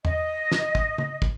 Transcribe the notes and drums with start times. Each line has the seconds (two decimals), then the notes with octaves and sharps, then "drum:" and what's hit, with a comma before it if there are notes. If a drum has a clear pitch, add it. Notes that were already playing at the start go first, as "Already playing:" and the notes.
0.05 D#5, drum: tom E2
0.51 drum: snare
0.75 drum: kick
0.98 drum: tom C#3
1.22 drum: kick